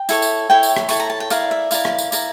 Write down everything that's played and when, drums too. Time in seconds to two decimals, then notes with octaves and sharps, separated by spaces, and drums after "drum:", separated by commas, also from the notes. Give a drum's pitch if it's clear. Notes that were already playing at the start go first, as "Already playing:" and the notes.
Already playing: G5
0.09 E4 A4 C#5, drum: tambourine
0.22 drum: tambourine
0.50 E4 A4 C#5 G5
0.63 drum: tambourine
0.77 drum: rim click
0.89 E4 A4 C#5 C#6, drum: tambourine
1.00 A#5
1.10 A5
1.20 G5
1.30 E4 A#4 D5 F5, drum: tambourine
1.51 E5
1.71 E4 A#4 D5 F5, drum: tambourine
1.85 drum: rim click
1.99 drum: tambourine
2.12 E4 A#4 D5, drum: tambourine